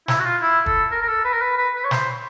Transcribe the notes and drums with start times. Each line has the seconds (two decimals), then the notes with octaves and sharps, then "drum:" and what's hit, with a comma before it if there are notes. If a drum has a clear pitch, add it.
0.08 E4, drum: snare
0.20 F#4
0.25 F4
0.41 E4
0.66 A4, drum: kick
0.91 A#4
1.02 A#4
1.08 A4
1.24 B4
1.33 A#4
1.41 B4
1.57 B4
1.75 B4
1.84 C#5
1.91 C5, drum: snare